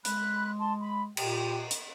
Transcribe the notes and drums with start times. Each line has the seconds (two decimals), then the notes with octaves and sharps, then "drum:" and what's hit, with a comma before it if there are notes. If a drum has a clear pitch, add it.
0.05 G#3 B5 F#6, drum: hi-hat
0.59 A5 C6
0.81 B5
1.17 A#2 G4 G5, drum: cymbal
1.71 drum: hi-hat